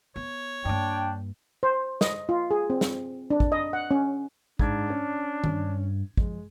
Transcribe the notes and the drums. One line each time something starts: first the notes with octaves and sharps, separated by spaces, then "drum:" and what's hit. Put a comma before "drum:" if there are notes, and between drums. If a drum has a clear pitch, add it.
B3 C#5
G2 A#3 D4 G5
C5
D#5, drum: snare
F4
G#4
C4
drum: snare
D4
drum: kick
D#5
F#5
C#4
G#2 D4 G#6, drum: kick
C#4
G2, drum: tom D#3
F3 G#3, drum: kick